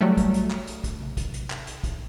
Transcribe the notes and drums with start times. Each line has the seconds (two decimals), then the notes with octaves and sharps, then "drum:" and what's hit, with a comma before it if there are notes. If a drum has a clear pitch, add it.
0.01 F#3 G3 A3
0.17 drum: kick, hi-hat
0.34 drum: hi-hat
0.51 drum: clap
0.67 drum: hi-hat
0.84 drum: kick, hi-hat
1.00 drum: tom C3
1.17 drum: kick, hi-hat
1.34 drum: hi-hat
1.50 drum: clap
1.67 drum: hi-hat
1.84 drum: kick, hi-hat